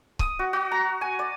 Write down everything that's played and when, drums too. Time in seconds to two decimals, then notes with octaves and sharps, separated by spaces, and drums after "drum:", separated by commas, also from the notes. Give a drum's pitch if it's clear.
0.19 D#6, drum: kick C#1
0.39 F#4
0.53 F#4
0.71 A#5
1.01 G#5
1.19 D5